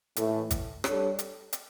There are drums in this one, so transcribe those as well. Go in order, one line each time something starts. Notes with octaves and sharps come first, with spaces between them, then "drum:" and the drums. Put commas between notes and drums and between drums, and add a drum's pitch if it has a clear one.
A2 E3 A3, drum: hi-hat
drum: kick G#1, hi-hat
G3 D4 A4 C#5, drum: rim click
drum: hi-hat
drum: hi-hat